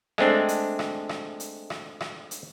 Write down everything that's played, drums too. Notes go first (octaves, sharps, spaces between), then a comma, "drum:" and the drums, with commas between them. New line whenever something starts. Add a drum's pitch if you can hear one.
G#3 A3 C4 D4, drum: rim click
drum: hi-hat
drum: rim click
drum: rim click
drum: hi-hat
drum: rim click
drum: rim click
drum: hi-hat